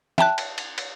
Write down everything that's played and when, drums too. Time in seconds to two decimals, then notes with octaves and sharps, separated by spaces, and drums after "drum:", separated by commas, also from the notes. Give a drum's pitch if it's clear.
0.18 E5 G5 A5 F#6, drum: snare
0.38 drum: cymbal
0.58 drum: cymbal
0.78 drum: cymbal